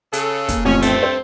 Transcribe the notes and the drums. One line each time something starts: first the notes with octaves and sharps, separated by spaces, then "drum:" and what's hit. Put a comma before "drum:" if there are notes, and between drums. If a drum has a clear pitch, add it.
C#3 A4, drum: hi-hat
A#3, drum: kick, hi-hat
A1 F2 C#4
G2 A3 C4, drum: hi-hat
C5